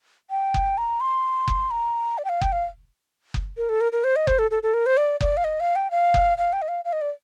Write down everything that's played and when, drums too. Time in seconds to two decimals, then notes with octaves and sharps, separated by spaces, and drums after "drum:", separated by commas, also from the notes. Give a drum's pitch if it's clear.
0.30 G5
0.54 drum: kick F#1
0.78 A#5
1.01 C6
1.48 drum: kick F#1
1.71 A#5
2.18 D5
2.25 G5
2.29 F5
2.41 G5, drum: kick F#1
2.52 F5
3.34 drum: kick F#1
3.57 A#4
3.69 A4
3.81 A#4
3.92 A#4
4.04 C5
4.16 D#5
4.27 C5, drum: kick F#1
4.39 A4
4.51 A4
4.63 A4
4.74 A#4
4.86 C5
4.97 D5
5.21 D5, drum: kick F#1
5.37 F5
5.44 D#5
5.60 F5
5.76 G5
5.91 F5
6.14 drum: kick F#1
6.38 F5
6.53 G5
6.62 D#5
6.68 F5
6.85 F5
6.93 D#5
7.01 D5